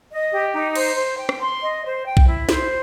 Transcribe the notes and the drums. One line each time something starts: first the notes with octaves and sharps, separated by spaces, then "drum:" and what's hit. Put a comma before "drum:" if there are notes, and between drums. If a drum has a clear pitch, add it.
D#5
G4
D#4
C5, drum: cymbal
C5
G5
drum: rim click
C6
D#5
C5
G5
drum: kick B1
E4
C5, drum: snare